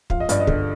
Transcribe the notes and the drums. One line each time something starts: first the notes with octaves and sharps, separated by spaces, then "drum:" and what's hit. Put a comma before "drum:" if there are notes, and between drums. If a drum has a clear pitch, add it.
F3 F5, drum: kick
D#5
G2 D5, drum: hi-hat
D#5
D3, drum: kick